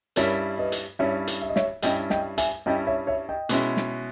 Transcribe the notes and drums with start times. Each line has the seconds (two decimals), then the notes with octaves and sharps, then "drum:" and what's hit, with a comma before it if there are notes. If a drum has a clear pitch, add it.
0.16 G2 G3 C#4 E4 A#4 C#5, drum: hi-hat
0.58 B4 D#5
0.72 drum: hi-hat
0.99 G2 G3 C#4 E4 C#5 E5
1.27 drum: hi-hat
1.42 E5
1.49 D#5
1.56 C#5 E5, drum: snare
1.82 G2 G3 C#4 E4 D#5 G5, drum: hi-hat
2.10 D#5 G5, drum: snare
2.38 E5 G#5, drum: hi-hat
2.66 G2 G3 C#4 E4 D#5 G5
2.87 C#5 E5
3.07 C#5 E5
3.29 D#5 G5
3.49 B2 G#3 C#4 E4, drum: hi-hat
3.77 drum: snare